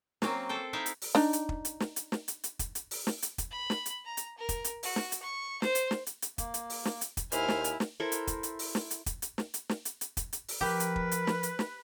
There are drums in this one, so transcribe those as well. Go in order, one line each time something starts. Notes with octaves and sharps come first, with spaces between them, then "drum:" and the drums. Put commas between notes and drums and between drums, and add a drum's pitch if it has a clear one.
F#3 A#3 C4 C#4, drum: snare
A4 C5 G5
D#4 E4 E5 F5 G5
drum: hi-hat
drum: open hi-hat
D4 D#4, drum: snare
drum: hi-hat
drum: kick
drum: hi-hat
drum: snare
drum: hi-hat
drum: snare
drum: hi-hat
drum: hi-hat
drum: kick, hi-hat
drum: hi-hat
drum: open hi-hat
drum: snare
drum: hi-hat
drum: kick, hi-hat
B5
drum: snare
drum: hi-hat
A#5
drum: hi-hat
A#4
drum: kick, hi-hat
drum: hi-hat
F#4, drum: open hi-hat
drum: snare
drum: hi-hat
C#6
C5, drum: snare
drum: hi-hat
drum: snare
drum: hi-hat
drum: hi-hat
A#3, drum: kick, hi-hat
drum: hi-hat
drum: open hi-hat
drum: snare
drum: hi-hat
drum: kick, hi-hat
D#2 E4 C5 G#5 F6, drum: hi-hat
drum: snare
drum: hi-hat
drum: snare
E4 A4 A#4 C5
drum: hi-hat
drum: kick, hi-hat
drum: hi-hat
drum: open hi-hat
drum: snare
drum: hi-hat
drum: kick, hi-hat
drum: hi-hat
drum: snare
drum: hi-hat
drum: snare
drum: hi-hat
drum: hi-hat
drum: kick, hi-hat
drum: hi-hat
drum: open hi-hat
F3 G4 A#4 B4
drum: hi-hat
drum: kick
drum: hi-hat
drum: snare
drum: hi-hat
drum: snare